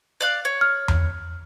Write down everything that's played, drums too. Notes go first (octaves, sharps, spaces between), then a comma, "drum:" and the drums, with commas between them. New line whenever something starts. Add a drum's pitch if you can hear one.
D5 F5 F#6
C#5
F6
drum: tom E2